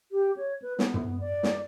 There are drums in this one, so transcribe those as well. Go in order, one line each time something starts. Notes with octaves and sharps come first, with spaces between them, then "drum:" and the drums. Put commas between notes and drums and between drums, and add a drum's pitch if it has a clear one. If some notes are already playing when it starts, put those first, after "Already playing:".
G4
C#5
B4
B3, drum: snare
drum: tom
D5
drum: snare